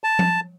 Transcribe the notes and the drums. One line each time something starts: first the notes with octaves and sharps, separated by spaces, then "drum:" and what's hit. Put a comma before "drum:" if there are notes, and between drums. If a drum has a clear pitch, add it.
A5
drum: tom F3